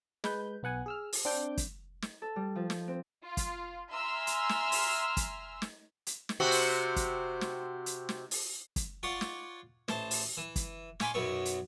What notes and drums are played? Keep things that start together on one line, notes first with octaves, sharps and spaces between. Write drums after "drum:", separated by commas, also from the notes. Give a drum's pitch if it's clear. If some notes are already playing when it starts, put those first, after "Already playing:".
G#3 B4 G6, drum: snare
B1 B3 F#5 G#5
G#4 E6 F6
drum: open hi-hat
C4 D4 D6 G6
drum: kick, hi-hat
drum: snare
A4
G3
F3
drum: snare
C4
F4
drum: kick, hi-hat
E5 G#5 A#5 C6 E6 F6
drum: hi-hat
drum: snare
drum: open hi-hat
drum: kick, hi-hat
drum: snare
drum: hi-hat
drum: snare
C3 C4 F#4
drum: open hi-hat
drum: kick, hi-hat
drum: snare
drum: hi-hat
drum: snare
drum: open hi-hat
drum: kick, hi-hat
F4 C#5 D5 F#5 C6 C#6
drum: snare
A1 C5 A5, drum: snare
drum: open hi-hat
E3
drum: kick, hi-hat
C#5 F5 G#5 B5 C6 D6, drum: snare
B1 F#2 F#3 B3 C#6
drum: hi-hat